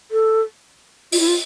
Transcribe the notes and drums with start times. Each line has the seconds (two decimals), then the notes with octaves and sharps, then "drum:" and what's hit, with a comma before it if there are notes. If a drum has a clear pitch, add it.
0.11 A4
1.12 F4, drum: open hi-hat
1.20 E4
1.28 F4